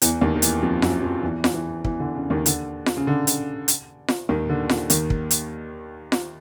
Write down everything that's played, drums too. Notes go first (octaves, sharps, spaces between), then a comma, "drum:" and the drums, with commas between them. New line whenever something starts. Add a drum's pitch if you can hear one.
E2 E3, drum: hi-hat
D#2 D#3
D#3
E2 E3, drum: hi-hat
F2 F3
F#2 F#3, drum: snare F4
F2 F3
E2 E3
drum: snare F4
E2 E3
E2 E3, drum: kick
D3
C#3
D#2 D#3
D3, drum: hi-hat
drum: snare F4
C#3
D3
drum: hi-hat
drum: hi-hat
drum: snare F4
D#2 D#3
D3
drum: snare F4
D#2 D#3, drum: hi-hat
drum: kick
drum: hi-hat
drum: snare F4